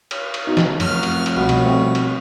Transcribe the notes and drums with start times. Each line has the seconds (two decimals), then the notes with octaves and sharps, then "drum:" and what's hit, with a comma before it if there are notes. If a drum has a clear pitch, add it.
0.11 drum: cymbal
0.34 drum: cymbal
0.47 B2 D#4
0.57 drum: snare
0.80 F1 F#2 F#3 F6, drum: cymbal
1.03 drum: cymbal
1.26 drum: cymbal
1.37 C2 B2 C#5
1.49 drum: cymbal
1.65 G3 A3 C4
1.95 drum: cymbal